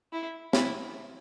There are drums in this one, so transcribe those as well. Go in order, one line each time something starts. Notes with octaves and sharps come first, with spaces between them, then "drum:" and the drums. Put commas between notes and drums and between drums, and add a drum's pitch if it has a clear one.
E4
E4, drum: snare